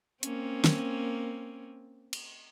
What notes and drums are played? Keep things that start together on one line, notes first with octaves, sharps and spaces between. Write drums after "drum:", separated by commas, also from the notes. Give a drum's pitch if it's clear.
A#3 C4 C#4, drum: hi-hat
drum: snare
drum: cymbal